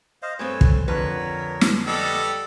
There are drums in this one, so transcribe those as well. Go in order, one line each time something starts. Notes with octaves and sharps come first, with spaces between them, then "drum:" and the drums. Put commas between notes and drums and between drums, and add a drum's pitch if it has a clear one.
C5 D#5 F5
G2 A3 C4 B4 C#5 G#5
drum: kick
F2 D3 A#4 B4 C#5
drum: snare
G3 A4 D#5 F#5